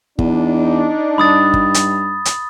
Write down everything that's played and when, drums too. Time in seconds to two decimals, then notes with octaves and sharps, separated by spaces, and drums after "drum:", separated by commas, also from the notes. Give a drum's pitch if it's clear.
0.19 E2 D4 D#4, drum: kick
1.18 G2 B5 D#6 A6
1.54 drum: kick
1.74 drum: hi-hat
2.25 drum: hi-hat